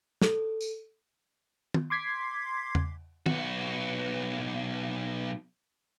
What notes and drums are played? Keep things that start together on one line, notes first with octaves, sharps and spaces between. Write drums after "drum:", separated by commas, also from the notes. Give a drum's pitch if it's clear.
A4, drum: snare
drum: tambourine
drum: tom
C6 D6 G#6 B6 C7
drum: tom E2
B1 F#4, drum: tom